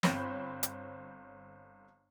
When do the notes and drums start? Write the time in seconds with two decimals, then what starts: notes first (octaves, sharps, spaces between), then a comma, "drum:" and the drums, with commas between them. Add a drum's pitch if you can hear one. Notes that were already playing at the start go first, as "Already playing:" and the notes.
0.03 G1 C4 C5 C#5 B5, drum: snare
0.63 drum: hi-hat